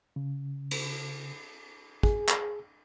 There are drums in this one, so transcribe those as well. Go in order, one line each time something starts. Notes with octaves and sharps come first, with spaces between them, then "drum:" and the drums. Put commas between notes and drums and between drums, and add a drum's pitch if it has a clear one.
C#3
drum: cymbal
G#4, drum: kick
drum: clap